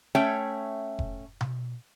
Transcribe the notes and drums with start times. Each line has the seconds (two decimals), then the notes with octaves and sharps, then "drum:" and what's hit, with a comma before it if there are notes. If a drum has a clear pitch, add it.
0.15 A3 C#4 C#5 E5 G5
0.99 drum: kick F1
1.41 drum: tom B2